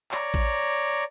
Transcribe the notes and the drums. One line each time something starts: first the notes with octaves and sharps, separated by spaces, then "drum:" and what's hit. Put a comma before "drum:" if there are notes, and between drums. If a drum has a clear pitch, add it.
C#5 D5 A#5, drum: clap
drum: kick A1